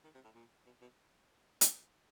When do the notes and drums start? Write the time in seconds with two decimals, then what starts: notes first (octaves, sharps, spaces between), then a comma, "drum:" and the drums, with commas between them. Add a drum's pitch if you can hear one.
0.04 D#3
0.14 C3
0.24 A2
0.35 A#2
0.66 B2
0.81 B2
1.61 drum: hi-hat